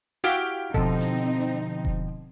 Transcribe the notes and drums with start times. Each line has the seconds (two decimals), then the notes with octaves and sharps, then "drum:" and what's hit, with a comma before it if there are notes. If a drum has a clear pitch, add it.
0.24 E4 F#4 G4 F5
0.74 B2 D3 F3 C4 D#4 A4, drum: kick E1
1.01 drum: open hi-hat
1.85 drum: kick E1